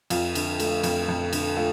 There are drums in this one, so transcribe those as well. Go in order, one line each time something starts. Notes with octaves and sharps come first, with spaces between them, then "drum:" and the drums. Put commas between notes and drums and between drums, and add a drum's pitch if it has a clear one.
F2 F4, drum: cymbal
D3, drum: cymbal
A3, drum: cymbal
F2, drum: cymbal
F2
D3, drum: cymbal
A3 F4